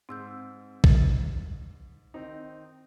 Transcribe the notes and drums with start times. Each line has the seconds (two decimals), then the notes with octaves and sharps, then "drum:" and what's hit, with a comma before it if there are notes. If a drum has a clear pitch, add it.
0.09 G#2 C4 E6 G6
0.84 A6, drum: kick A#1
2.14 D#3 C4 D#4